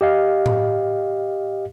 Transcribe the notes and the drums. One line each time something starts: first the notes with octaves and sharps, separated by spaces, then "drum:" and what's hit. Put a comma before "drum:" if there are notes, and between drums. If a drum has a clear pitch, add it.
G4 D#5 F5
drum: tom A2